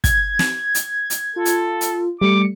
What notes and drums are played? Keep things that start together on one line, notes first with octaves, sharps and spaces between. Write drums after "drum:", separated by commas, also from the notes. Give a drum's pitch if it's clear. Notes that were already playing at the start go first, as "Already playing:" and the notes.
G#6, drum: kick, hi-hat
drum: snare
drum: hi-hat
drum: hi-hat
F4 A4
drum: hi-hat
drum: hi-hat
G3 A3 D6 C#7